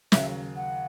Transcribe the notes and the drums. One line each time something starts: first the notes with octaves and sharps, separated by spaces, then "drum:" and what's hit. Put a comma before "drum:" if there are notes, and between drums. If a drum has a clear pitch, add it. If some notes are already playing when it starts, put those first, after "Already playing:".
D#2 C#3 F#3 E5, drum: snare
F#5